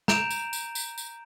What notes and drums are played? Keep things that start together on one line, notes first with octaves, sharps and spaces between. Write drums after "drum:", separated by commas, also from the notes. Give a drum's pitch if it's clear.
A#5 G6 D7 E7 F7, drum: snare
drum: tambourine
drum: tambourine
drum: tambourine
drum: tambourine